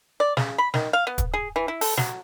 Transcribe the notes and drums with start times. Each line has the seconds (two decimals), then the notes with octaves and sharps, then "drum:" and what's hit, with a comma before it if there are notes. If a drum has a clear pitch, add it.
0.20 D5
0.37 C#3, drum: snare
0.58 B5
0.74 D#3, drum: snare
0.93 F5
1.07 B3
1.18 drum: kick, hi-hat
1.34 G#4
1.56 E3
1.68 E4
1.81 A4, drum: open hi-hat
1.97 F#3, drum: snare